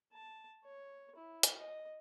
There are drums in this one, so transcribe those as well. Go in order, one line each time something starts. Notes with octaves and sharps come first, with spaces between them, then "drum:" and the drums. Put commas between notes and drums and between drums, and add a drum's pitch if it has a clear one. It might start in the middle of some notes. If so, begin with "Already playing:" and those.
A5
C#5
E4
drum: hi-hat
D#5